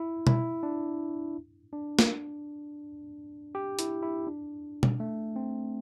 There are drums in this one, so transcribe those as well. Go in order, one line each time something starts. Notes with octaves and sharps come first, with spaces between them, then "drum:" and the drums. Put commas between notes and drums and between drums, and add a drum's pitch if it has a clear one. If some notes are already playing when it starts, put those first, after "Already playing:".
Already playing: E4
E4, drum: tom
D4
D4
drum: snare
G4
E4, drum: hi-hat
E4
D4
drum: tom
A3
C4